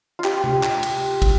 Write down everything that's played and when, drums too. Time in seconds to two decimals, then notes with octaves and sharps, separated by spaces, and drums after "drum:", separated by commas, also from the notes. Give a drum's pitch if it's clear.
0.19 F4
0.24 G4, drum: clap
0.44 drum: tom C3
0.63 drum: clap
0.83 drum: cymbal
1.22 drum: kick, cymbal